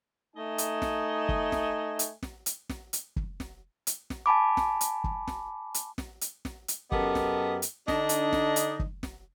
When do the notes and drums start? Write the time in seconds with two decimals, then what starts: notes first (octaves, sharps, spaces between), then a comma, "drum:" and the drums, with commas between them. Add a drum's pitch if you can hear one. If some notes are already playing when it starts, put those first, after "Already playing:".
0.35 A3 D#4 D#5 E5 G#5
0.58 drum: hi-hat
0.82 drum: snare
1.29 drum: kick
1.52 drum: snare
1.99 drum: hi-hat
2.23 drum: snare
2.46 drum: hi-hat
2.69 drum: snare
2.93 drum: hi-hat
3.16 drum: kick
3.40 drum: snare
3.87 drum: hi-hat
4.10 drum: snare
4.26 G#5 A5 B5 D6
4.57 drum: snare
4.81 drum: hi-hat
5.04 drum: kick
5.28 drum: snare
5.74 drum: hi-hat
5.98 drum: snare
6.21 drum: hi-hat
6.45 drum: snare
6.68 drum: hi-hat
6.92 F#2 B3 G4 A4 A#4 D#5, drum: kick
7.15 drum: snare
7.62 drum: hi-hat
7.88 D3 D4 D#4 D#5, drum: snare
8.09 drum: hi-hat
8.33 drum: snare
8.56 drum: hi-hat
8.79 drum: kick
9.03 drum: snare